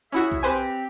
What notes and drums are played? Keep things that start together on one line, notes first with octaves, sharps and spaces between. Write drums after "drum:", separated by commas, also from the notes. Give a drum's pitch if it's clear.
C#4 E4 F#4 G#4 C#5 E5
drum: kick B1
C4 G4 B4 C5 G#5